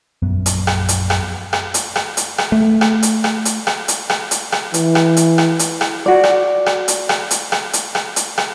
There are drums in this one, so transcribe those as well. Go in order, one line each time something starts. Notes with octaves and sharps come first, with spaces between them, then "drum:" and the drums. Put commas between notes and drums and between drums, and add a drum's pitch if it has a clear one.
A#1 F#2 B3
drum: hi-hat
drum: rim click
drum: hi-hat
drum: rim click
drum: rim click
drum: hi-hat
drum: rim click
drum: hi-hat
drum: rim click
A3
drum: rim click
drum: hi-hat
drum: rim click
drum: hi-hat
drum: rim click
drum: hi-hat
drum: rim click
drum: hi-hat
drum: rim click
E3, drum: hi-hat
drum: rim click
drum: hi-hat
drum: rim click
drum: hi-hat
drum: rim click
F#4 D5
drum: rim click
drum: rim click
drum: hi-hat
drum: rim click
drum: hi-hat
drum: rim click
drum: hi-hat
drum: rim click
drum: hi-hat
drum: rim click